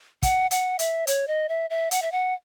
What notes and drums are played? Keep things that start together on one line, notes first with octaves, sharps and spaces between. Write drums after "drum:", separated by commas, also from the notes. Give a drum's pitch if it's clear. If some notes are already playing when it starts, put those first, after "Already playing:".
F#5, drum: kick, hi-hat
F#5, drum: hi-hat
E5, drum: hi-hat
C#5, drum: hi-hat
D#5
E5
E5
F#5, drum: hi-hat
E5
F#5